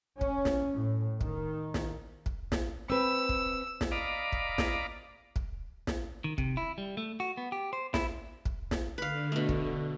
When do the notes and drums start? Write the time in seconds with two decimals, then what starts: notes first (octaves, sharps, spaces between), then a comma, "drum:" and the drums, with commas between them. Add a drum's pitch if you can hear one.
0.21 C#4, drum: kick
0.45 drum: snare
0.76 A2
1.21 D#3, drum: kick
1.74 drum: snare
2.26 drum: kick
2.52 drum: snare
2.90 C4 B4 E6
3.29 drum: kick
3.81 drum: snare
3.91 D5 D#5 F5 A#5 B5 D6
4.32 drum: kick
4.58 drum: snare
5.36 drum: kick
5.87 drum: snare
6.24 D#3
6.38 C3, drum: kick
6.57 E4
6.78 G3
6.97 A3
7.20 F#4
7.37 B3
7.52 G4
7.73 C5
7.94 E4, drum: snare
8.45 drum: kick
8.71 drum: snare
8.98 D3 B4 F5
9.32 B2 A3
9.49 drum: kick